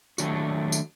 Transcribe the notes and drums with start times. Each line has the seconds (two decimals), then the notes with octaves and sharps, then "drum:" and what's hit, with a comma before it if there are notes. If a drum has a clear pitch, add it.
0.18 D#3 F#3 A3 D4 F#4, drum: tambourine
0.72 drum: tambourine